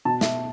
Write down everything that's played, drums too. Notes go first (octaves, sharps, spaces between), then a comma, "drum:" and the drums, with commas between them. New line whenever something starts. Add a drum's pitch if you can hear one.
B2 A5
E5, drum: snare